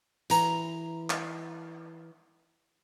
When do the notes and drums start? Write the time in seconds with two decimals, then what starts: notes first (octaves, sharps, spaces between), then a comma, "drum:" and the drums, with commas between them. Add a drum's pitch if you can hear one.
0.30 E3 A#5, drum: hi-hat
1.10 drum: clap